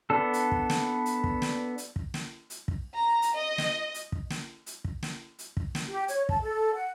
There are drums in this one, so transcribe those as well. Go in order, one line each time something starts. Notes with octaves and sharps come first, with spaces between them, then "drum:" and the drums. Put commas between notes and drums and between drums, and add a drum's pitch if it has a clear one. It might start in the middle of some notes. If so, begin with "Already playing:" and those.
B3 D4 A4
drum: hi-hat
drum: kick
drum: snare
drum: hi-hat
drum: kick
drum: snare
drum: hi-hat
drum: kick
drum: snare
drum: hi-hat
drum: kick
A#5
drum: hi-hat
D#5
drum: snare
drum: hi-hat
drum: kick
drum: snare
drum: hi-hat
drum: kick
drum: snare
drum: hi-hat
drum: kick
drum: snare
G4
C#5, drum: hi-hat
A5, drum: kick
A4
F#5